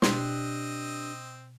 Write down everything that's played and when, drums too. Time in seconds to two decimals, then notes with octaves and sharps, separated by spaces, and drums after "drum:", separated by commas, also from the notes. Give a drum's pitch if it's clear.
0.02 B2 C4 D4 G4 D#5 C6, drum: snare